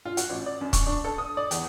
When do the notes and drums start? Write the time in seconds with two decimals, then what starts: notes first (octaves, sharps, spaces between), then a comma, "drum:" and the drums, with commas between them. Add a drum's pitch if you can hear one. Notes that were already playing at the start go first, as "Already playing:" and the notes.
0.05 F4
0.17 F#4, drum: hi-hat
0.30 A1
0.46 D5
0.61 F#2
0.73 C#6, drum: kick, hi-hat
0.87 D4
1.04 A4
1.18 D#6
1.37 D5
1.51 E2, drum: hi-hat